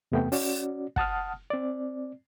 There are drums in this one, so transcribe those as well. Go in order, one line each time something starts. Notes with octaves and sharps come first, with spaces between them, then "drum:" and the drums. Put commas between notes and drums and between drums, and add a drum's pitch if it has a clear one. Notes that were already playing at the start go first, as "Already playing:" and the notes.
E2 C3 A3 B3 G5
C#4 F#4 D5, drum: open hi-hat
F#5 A5 D#6 F6, drum: kick
C4 D5